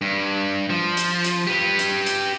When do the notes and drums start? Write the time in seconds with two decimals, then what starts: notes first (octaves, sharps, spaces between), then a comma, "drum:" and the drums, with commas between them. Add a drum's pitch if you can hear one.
0.01 G2
0.70 F3
0.97 drum: hi-hat
1.24 drum: hi-hat
1.47 G4 B4
1.79 drum: hi-hat
2.06 drum: hi-hat